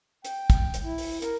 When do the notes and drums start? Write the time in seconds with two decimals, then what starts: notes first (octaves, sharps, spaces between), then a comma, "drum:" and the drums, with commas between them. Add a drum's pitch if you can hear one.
0.25 G5, drum: hi-hat
0.50 drum: kick, hi-hat
0.74 drum: hi-hat
0.84 E4
0.98 drum: open hi-hat
1.22 A#4, drum: hi-hat